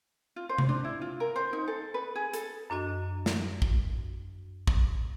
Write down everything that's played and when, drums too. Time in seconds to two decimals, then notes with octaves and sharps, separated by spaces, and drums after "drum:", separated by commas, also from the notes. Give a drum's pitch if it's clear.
0.36 F4
0.49 C5
0.58 drum: tom C3
0.69 D4
0.84 E4
1.01 F4
1.20 A#4
1.36 C5
1.53 D#4
1.68 A4
1.94 B4
2.15 G#4
2.33 A4, drum: hi-hat
2.70 F#2 D4 F#4 D#5
3.26 drum: snare
3.62 drum: kick
4.67 drum: kick